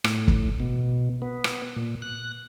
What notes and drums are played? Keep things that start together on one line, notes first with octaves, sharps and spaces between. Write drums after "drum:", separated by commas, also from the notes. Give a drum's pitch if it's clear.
A2, drum: rim click
drum: kick
B2
B3
drum: rim click
A#2
F#6